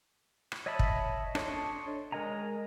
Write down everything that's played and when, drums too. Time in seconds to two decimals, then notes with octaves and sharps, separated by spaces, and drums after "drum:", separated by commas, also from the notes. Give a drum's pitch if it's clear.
0.52 drum: rim click
0.66 C#5 D#5 E5 A5 B5
0.79 drum: kick
1.35 D4 A4 C#5 D#5 C6, drum: rim click
2.12 G#3 A#4 D#5 G#5 A#5